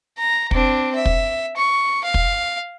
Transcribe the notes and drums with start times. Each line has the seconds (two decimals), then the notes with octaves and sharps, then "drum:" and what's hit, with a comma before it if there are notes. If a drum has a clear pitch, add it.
0.18 A#5
0.51 C4 D4, drum: kick
0.95 E5
1.05 drum: kick
1.57 C#6
2.04 F5
2.14 drum: kick